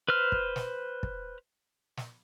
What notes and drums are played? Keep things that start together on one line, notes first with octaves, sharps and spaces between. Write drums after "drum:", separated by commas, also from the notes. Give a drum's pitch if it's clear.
B4 C5 F6
drum: kick
drum: snare
drum: kick
drum: snare